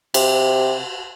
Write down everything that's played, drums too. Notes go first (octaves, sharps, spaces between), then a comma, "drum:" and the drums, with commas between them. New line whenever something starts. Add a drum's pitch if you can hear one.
C3, drum: cymbal